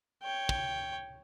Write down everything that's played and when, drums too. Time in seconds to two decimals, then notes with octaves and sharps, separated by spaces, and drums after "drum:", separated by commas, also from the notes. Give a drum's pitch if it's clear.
0.22 C#5 G5
0.49 drum: kick